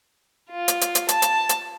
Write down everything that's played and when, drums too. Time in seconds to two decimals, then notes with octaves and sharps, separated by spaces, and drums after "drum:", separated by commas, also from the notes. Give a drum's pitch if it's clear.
0.50 F4
0.68 drum: hi-hat
0.81 drum: hi-hat
0.95 drum: hi-hat
1.09 A5, drum: hi-hat
1.22 drum: hi-hat
1.49 drum: hi-hat